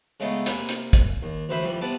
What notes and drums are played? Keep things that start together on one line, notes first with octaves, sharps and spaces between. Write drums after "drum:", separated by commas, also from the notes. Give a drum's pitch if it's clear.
C#3 G#3 A3 B3 D#4
C3 A#3 B4 G#5, drum: hi-hat
drum: hi-hat
drum: kick, hi-hat
D#2
A1 D2 B4 C5 E5 B5
F2 E3 G3
C3 B3 B4 D5 A5